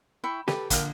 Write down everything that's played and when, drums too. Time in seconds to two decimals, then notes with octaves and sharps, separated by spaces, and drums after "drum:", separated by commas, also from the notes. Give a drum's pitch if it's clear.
0.24 E4 G5 C#6
0.48 G4 A4 B4 G5, drum: snare
0.70 A#1 D3 A#3 F6, drum: kick, hi-hat